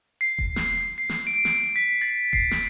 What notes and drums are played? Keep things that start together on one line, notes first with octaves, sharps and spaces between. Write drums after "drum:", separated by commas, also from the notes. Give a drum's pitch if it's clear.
C7
drum: kick F1
drum: snare
C7
drum: snare
D7
drum: snare
B6
A6
C7, drum: kick F1
drum: snare